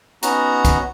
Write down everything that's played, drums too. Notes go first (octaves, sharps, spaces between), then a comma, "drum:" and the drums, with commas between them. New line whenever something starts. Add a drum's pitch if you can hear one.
B3 C#4 D#4 F#4 F#5 A#5, drum: hi-hat
drum: kick, hi-hat